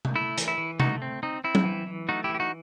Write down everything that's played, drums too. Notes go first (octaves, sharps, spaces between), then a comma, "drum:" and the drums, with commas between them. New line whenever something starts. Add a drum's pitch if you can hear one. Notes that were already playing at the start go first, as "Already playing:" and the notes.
drum: tom C3
A3 E4
E3, drum: hi-hat
E4
E3
A3 D#4 F#4, drum: tom C3
C4
C4 D#4
C4 E4
drum: tom F#3
E3
E3
A3 D#4 F#4
E3 E4 G4
G4
D#4 F#4